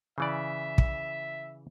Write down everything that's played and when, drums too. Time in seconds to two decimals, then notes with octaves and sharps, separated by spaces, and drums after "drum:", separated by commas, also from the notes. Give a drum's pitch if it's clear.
0.18 C#3 E3 D5 E5
0.78 drum: kick